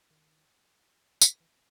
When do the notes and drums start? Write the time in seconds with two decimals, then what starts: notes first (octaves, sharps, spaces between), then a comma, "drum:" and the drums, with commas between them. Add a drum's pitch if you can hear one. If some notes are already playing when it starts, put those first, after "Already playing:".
0.11 D#3
1.21 D3, drum: tambourine
1.40 E3